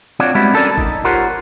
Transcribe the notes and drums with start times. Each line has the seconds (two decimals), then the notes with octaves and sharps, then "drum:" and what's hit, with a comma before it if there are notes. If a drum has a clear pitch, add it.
0.20 C4 D4 F4 F#4 C#5 D5
0.35 G3 G#3 B3 C4 E4 F#4
0.53 C#4 D4 A4 A#4 C#5 D5
0.78 D#4, drum: kick G1
1.04 F4 G4 A#4 C5 C#5 F#5